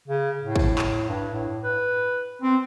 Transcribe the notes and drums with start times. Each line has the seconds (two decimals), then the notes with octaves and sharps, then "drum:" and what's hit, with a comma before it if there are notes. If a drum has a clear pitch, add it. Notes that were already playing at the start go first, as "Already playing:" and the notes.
0.08 C#3
0.43 A2
0.56 drum: kick
0.78 drum: clap
1.09 G2
1.34 A2
1.63 B4
2.42 C4